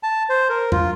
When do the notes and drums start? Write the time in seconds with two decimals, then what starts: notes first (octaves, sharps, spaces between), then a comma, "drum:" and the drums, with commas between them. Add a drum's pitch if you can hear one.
0.03 A5
0.30 C5
0.49 A#4
0.72 F4, drum: tom E2